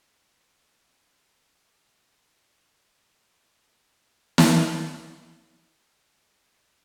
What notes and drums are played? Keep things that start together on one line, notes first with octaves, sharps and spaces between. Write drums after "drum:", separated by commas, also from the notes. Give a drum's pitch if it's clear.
B3
F5
B3
B4
E2
E3
G4
C3
G#4
G4
drum: snare
D4
D#5 E5 G5 G#5
F4 B4 D#5
A4 C5
A5